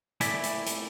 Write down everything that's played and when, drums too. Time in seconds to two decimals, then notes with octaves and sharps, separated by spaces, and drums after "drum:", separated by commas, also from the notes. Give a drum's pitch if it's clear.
0.21 A3 E4 D5 G#5 B5, drum: hi-hat
0.43 drum: hi-hat
0.66 drum: hi-hat